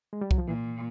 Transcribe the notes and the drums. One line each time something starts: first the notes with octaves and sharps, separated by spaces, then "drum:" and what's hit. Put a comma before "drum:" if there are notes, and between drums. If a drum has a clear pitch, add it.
G#3
G3
F#3, drum: kick C2
F3
A#2 E3